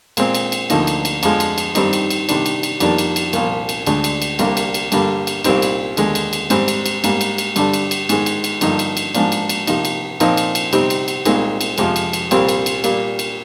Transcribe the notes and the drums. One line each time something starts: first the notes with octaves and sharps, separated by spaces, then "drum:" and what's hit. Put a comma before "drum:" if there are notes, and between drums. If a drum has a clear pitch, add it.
A#2 G#3 C4, drum: cymbal
drum: cymbal
drum: cymbal
D2 D3 F3 A#3 D#4, drum: cymbal
drum: cymbal
drum: cymbal
F2 D3 F3 G#3, drum: cymbal
drum: cymbal
drum: cymbal
G2 D#3 G3 C4 D#4, drum: cymbal
drum: cymbal
drum: cymbal
C3 D#3 G3 D4, drum: cymbal
drum: cymbal
drum: cymbal
F2 D#3 G3 A#3 D4, drum: cymbal
drum: cymbal
drum: cymbal
C2 A#2 F3, drum: cymbal
drum: cymbal
D2 D3 G#3 D4, drum: cymbal
drum: cymbal
drum: cymbal
C2 C3 G3 A#3 D4, drum: cymbal
drum: cymbal
drum: cymbal
G2 D3 G3 A#3, drum: cymbal
drum: cymbal
C2 A#2 G3 C4 D#4, drum: cymbal
drum: cymbal
D#2 D3 G#3, drum: cymbal
drum: cymbal
drum: cymbal
G#2 G3 C4, drum: cymbal
drum: cymbal
drum: cymbal
G#2 G3 A#3, drum: cymbal
drum: cymbal
drum: cymbal
G2 D3 G3 D4, drum: cymbal
drum: cymbal
drum: cymbal
G#2 D#3 G#3, drum: cymbal
drum: cymbal
drum: cymbal
G2 D3 F3 A#3 D#4, drum: cymbal
drum: cymbal
drum: cymbal
G#2 F3 A#3 D4, drum: cymbal
drum: cymbal
drum: cymbal
C3 F3 A#3 D#4, drum: cymbal
drum: cymbal
A#2 F3 C4 D#4, drum: cymbal
drum: cymbal
drum: cymbal
C3 G3 C4 D#4, drum: cymbal
drum: cymbal
drum: cymbal
C2 A#2 G#3 C4 D#4, drum: cymbal
drum: cymbal
F2 C3 F3 G#3, drum: cymbal
drum: cymbal
drum: cymbal
C2 A#2 G3 C4, drum: cymbal
drum: cymbal
drum: cymbal
A#2 G3 A#3, drum: cymbal
drum: cymbal